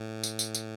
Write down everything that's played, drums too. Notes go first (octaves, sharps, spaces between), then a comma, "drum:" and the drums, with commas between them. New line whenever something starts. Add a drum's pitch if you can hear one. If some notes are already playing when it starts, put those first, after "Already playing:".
Already playing: A2
drum: tambourine
drum: tambourine
drum: tambourine